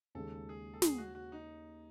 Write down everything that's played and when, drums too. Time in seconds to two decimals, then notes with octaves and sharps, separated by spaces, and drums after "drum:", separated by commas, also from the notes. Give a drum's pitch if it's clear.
0.15 D#2 C#3 G#3 A4
0.49 G#4
0.74 A4
0.82 G#4, drum: snare
0.98 F#4
1.15 F#4
1.32 D#4